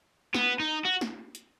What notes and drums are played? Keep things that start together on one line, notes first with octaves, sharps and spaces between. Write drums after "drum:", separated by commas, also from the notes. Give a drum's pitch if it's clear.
B3, drum: snare
D#4
F#4
drum: snare
drum: hi-hat